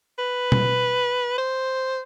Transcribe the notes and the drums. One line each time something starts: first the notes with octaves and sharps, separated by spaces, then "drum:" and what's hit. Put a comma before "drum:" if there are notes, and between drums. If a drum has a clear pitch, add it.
B4
drum: tom B2
C5